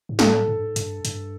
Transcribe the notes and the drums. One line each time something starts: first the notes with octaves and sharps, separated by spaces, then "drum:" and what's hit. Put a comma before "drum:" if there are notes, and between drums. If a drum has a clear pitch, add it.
G#2
A2 A4, drum: snare
G#2
G2
G#2
G2, drum: hi-hat
G2, drum: hi-hat